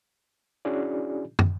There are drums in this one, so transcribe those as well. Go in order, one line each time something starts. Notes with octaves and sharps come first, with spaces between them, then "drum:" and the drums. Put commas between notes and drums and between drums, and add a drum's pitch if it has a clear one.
C#4 D4 E4 F#4 G#4 D5
drum: tom